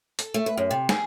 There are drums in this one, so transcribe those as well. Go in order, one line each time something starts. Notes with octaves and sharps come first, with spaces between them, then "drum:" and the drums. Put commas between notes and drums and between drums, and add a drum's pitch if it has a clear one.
A4, drum: hi-hat
A3
B4
F#2
C3
G#4, drum: snare